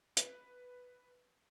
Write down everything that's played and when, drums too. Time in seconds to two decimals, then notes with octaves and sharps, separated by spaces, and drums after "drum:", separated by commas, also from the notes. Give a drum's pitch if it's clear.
0.17 B4, drum: hi-hat